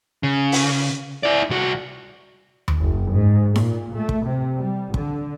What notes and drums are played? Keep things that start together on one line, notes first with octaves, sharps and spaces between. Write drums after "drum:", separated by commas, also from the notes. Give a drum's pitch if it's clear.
C#3
drum: open hi-hat
E4 D5
C2 F#4
drum: tom D#2
F#1
G#2
A#2, drum: snare D#4
A3
drum: kick
C3
G3
D3, drum: kick